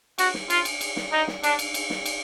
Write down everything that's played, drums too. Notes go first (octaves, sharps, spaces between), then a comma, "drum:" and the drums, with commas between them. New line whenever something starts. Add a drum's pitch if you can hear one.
F#4, drum: cymbal
drum: snare
F4, drum: cymbal
drum: cymbal
drum: cymbal
drum: snare
D#4
drum: snare
D4, drum: cymbal
drum: cymbal
drum: cymbal
drum: snare
drum: cymbal